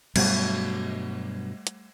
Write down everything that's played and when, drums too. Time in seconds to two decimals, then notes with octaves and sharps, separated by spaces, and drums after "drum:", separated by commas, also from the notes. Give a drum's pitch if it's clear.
0.16 G2 B2 F#3 G3 A3, drum: cymbal
1.67 drum: hi-hat